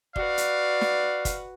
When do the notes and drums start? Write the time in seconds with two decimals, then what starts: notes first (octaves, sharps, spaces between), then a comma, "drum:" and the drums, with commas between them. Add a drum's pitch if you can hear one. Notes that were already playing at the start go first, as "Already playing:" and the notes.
0.16 F#4 B4 D5 F5, drum: kick
0.38 drum: hi-hat
0.81 drum: snare
1.25 drum: kick, hi-hat